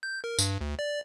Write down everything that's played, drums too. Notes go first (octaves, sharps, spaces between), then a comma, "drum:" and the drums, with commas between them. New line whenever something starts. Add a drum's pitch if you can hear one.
G6
A#4
G2, drum: tambourine
D2
D5